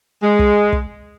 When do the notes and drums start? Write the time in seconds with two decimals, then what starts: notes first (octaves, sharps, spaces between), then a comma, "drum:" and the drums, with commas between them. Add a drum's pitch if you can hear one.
0.22 G#3
0.39 drum: kick
0.72 drum: kick